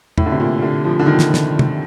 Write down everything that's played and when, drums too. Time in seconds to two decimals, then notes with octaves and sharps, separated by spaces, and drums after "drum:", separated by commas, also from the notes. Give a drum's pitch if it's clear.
0.18 A2, drum: tom E2
0.26 D3
0.32 C3
0.40 A#2
0.62 D3
0.85 F3
0.99 D3
1.06 D#3
1.19 drum: snare
1.34 drum: snare
1.59 drum: tom